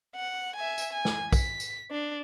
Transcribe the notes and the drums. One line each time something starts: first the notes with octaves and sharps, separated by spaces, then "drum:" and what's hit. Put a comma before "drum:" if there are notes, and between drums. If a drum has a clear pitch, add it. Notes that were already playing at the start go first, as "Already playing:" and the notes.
F#5
E5 G#5
drum: tambourine
G#5
drum: snare
B6, drum: kick B1, tambourine
drum: tambourine
D4